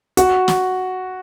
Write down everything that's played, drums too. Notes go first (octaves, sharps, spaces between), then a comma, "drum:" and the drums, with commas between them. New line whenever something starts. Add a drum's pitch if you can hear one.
F#4, drum: hi-hat
drum: snare